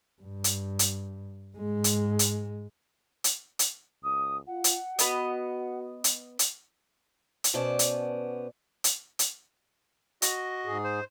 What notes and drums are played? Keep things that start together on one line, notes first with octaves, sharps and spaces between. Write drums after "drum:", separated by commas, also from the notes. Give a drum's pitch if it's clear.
G2
drum: hi-hat
drum: hi-hat
G#2 G#3
drum: hi-hat
drum: hi-hat
drum: hi-hat
drum: hi-hat
C#2 D#6
F4 F#5
drum: hi-hat
B3 F#4 D#5, drum: hi-hat
drum: hi-hat
drum: hi-hat
drum: hi-hat
B2 B3 C#4 C5 D5 A5
drum: hi-hat
drum: hi-hat
drum: hi-hat
F#4 D#5, drum: hi-hat
G#2 G#4
C5